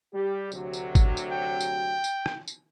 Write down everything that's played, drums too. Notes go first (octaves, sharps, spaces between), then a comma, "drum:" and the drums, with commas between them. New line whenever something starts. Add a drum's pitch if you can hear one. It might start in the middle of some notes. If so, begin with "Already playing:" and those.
G3 G4
D2 C3 F#3, drum: tambourine
drum: tambourine
drum: kick G#1, tambourine
drum: tambourine
G5
drum: tambourine
drum: tambourine
drum: rim click
drum: tambourine